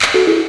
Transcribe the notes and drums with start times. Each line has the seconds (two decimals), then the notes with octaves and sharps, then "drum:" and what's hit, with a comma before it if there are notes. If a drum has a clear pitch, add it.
0.02 drum: clap
0.14 F#4 A4
0.27 E4 G#4